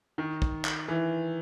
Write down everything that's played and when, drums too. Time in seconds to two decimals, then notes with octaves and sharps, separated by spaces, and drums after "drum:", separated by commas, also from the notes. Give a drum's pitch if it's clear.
0.18 D#3
0.42 drum: kick
0.65 drum: clap
0.88 E3